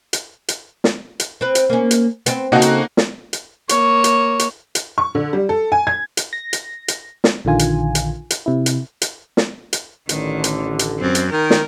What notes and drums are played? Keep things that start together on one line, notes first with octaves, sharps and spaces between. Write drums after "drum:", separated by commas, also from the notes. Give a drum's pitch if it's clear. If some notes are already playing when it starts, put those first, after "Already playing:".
drum: hi-hat
drum: hi-hat
drum: snare
drum: hi-hat
C4 B4
drum: hi-hat
A#3 C#4
drum: hi-hat
B3 C4, drum: hi-hat
C#3 A#3 C4 D#4 F#4 A4
drum: hi-hat
drum: snare
drum: hi-hat
A#3 C#5, drum: hi-hat
drum: hi-hat
drum: hi-hat
drum: hi-hat
C#6
D3
G3
A4
G#5
G#6
drum: hi-hat
A#6
drum: hi-hat
drum: hi-hat
drum: snare
A#1 D3 D#3 F4 G#5
drum: hi-hat
drum: hi-hat
drum: hi-hat
C3 E4
drum: hi-hat
drum: hi-hat
drum: snare
drum: hi-hat
A1 D3 D#3, drum: hi-hat
drum: hi-hat
drum: hi-hat
F#2 C4
drum: hi-hat
D#3 A#4
drum: snare